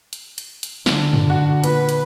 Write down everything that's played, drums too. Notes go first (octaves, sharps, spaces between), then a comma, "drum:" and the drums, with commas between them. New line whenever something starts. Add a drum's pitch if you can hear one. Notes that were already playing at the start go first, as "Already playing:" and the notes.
drum: hi-hat
drum: hi-hat
drum: hi-hat
D3, drum: snare
drum: tom F#2
F#4
A#2 B4, drum: hi-hat
drum: hi-hat